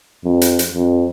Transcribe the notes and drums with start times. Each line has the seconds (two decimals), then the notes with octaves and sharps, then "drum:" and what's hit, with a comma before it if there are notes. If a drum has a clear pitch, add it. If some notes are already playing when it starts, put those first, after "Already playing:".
0.24 F2
0.41 drum: hi-hat
0.59 drum: hi-hat
0.73 F2